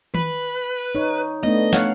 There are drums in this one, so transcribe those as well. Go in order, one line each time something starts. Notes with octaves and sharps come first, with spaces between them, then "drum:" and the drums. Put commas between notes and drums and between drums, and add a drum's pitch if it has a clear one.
B4, drum: tom D#3
D#4 C#5
A3 B3 D4 D#5
C#5 F5 F#5, drum: snare